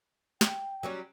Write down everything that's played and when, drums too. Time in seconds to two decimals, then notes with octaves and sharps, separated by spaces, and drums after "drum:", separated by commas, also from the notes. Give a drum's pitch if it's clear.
0.41 G5, drum: snare
0.83 F#3 G3 C#4